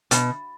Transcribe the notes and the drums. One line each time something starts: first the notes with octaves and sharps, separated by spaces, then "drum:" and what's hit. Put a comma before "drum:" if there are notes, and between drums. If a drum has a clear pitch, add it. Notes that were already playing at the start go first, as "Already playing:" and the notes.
B2, drum: hi-hat